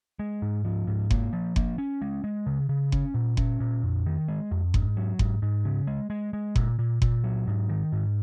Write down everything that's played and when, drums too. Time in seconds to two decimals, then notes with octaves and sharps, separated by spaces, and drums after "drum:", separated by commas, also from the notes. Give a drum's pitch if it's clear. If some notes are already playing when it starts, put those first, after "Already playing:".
0.19 G#3
0.42 G#2
0.65 F3
0.87 G#2
1.11 A#3, drum: kick F#1
1.33 F3
1.56 A#3, drum: kick F#1
1.78 C#4
2.02 G#3
2.24 G#3
2.46 C#3
2.69 C#3
2.92 C#4, drum: kick F#1
3.14 A#2
3.37 C#4, drum: kick F#1
3.60 A#2
3.83 F2
4.06 D#3
4.28 G#3
4.51 F2
4.74 G#2, drum: kick F#1
4.97 F#3
5.19 G#2, drum: kick F#1
5.42 G#2
5.65 C#3
5.87 G#3
6.10 G#3
6.33 G#3
6.56 A#2, drum: kick F#1
6.79 A#2
7.02 A#2, drum: kick F#1
7.24 F#3
7.47 G#2
7.69 D#3
7.92 G#2